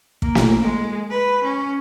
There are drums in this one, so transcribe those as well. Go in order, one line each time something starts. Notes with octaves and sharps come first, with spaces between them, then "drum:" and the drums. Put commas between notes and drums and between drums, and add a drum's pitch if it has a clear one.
A#3, drum: kick
drum: snare
G#3
B4
C#4